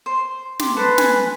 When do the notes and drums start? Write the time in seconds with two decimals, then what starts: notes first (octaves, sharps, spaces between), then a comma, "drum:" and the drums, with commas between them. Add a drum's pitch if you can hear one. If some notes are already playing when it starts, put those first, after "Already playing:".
0.06 C5
0.59 G4 C6, drum: snare
0.76 A4 B4 C5
0.98 G#5, drum: snare